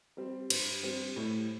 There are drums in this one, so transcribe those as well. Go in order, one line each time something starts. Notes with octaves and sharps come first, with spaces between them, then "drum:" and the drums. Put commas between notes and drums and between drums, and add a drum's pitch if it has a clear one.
G3 C4
G2 C5, drum: cymbal
G3 C4
A2